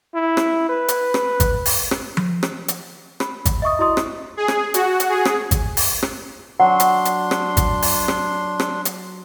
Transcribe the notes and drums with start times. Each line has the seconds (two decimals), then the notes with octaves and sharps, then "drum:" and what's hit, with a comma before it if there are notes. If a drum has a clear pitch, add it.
0.14 E4
0.37 drum: rim click
0.69 B4
0.88 drum: hi-hat
1.14 drum: rim click
1.40 drum: kick G#1, hi-hat
1.66 drum: open hi-hat
1.91 drum: rim click
2.17 drum: tom F3
2.43 drum: rim click
2.68 drum: hi-hat
3.20 B5, drum: rim click
3.45 drum: kick G#1, hi-hat
3.62 D#5 E5 C#6 D#6
3.79 E4 F#4 D5 D#5 C6 D#6
3.97 drum: rim click
4.37 G#4
4.48 drum: rim click
4.74 F#4, drum: hi-hat
5.00 drum: hi-hat
5.09 G#4
5.25 drum: rim click
5.51 drum: kick G#1, hi-hat
5.77 drum: open hi-hat
6.03 drum: rim click
6.60 F#3 D4 F#5 C6
6.80 drum: hi-hat
7.05 drum: hi-hat
7.31 drum: rim click
7.57 drum: kick G#1, hi-hat
7.82 drum: open hi-hat
8.08 drum: rim click
8.60 drum: rim click
8.85 drum: hi-hat